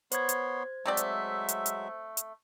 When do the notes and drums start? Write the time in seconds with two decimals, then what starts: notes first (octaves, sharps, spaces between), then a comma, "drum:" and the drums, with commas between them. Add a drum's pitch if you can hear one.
0.12 B3 C5 C#5 C6 G#6, drum: hi-hat
0.29 drum: hi-hat
0.86 F#3 G#3 A3 C4 D5 E5
0.97 drum: hi-hat
1.48 drum: hi-hat
1.66 drum: hi-hat
2.17 drum: hi-hat